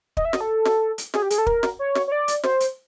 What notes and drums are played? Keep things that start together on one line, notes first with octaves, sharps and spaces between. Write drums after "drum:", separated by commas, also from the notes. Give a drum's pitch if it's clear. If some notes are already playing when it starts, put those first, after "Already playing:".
D#5, drum: kick
E5
D#5, drum: snare
A4
drum: snare
drum: hi-hat
G#4, drum: snare
G4
G#4, drum: hi-hat
A4
A#4, drum: kick
drum: snare
C#5
drum: snare
C#5
D5
drum: hi-hat
C5, drum: snare
drum: hi-hat